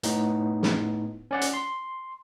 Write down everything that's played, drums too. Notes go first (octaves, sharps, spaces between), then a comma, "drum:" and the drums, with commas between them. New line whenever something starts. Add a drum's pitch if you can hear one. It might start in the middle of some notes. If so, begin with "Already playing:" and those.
A2 B3 D#4, drum: hi-hat
drum: snare
C#4 D5 F#5
drum: hi-hat
C6